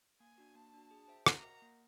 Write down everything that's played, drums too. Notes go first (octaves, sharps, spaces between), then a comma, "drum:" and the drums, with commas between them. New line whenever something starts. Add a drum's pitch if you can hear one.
A#3 G#5
D4 F#4
A#3 A5
D4 F#4
G#4
C5 E5 G5
F#4 A#5, drum: rim click
A#4 D#5 F#5
A#3